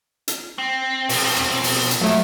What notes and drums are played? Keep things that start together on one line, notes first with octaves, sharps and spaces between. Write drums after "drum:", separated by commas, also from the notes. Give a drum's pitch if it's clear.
drum: hi-hat
C4
B2 F3, drum: open hi-hat
drum: rim click
drum: open hi-hat
drum: hi-hat
F3 F#3 A3 E4